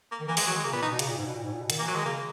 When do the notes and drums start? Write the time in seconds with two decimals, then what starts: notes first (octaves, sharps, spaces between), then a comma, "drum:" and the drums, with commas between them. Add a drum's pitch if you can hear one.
0.12 A#3
0.21 D#3
0.28 E3 A#3
0.37 G#3, drum: open hi-hat
0.40 E3
0.47 F#3
0.52 D#3 G#3
0.64 C#3 A#3
0.72 A#2 B3
0.82 D#4
0.91 B2
0.99 C#3, drum: hi-hat
1.08 A#2
1.17 G#2
1.26 B2
1.35 A#2
1.43 G#2
1.53 A#2
1.61 B2
1.70 D#3, drum: hi-hat
1.79 A#3
1.82 E3
1.88 F#3
1.93 D#3 G#3
2.05 C#3 A#3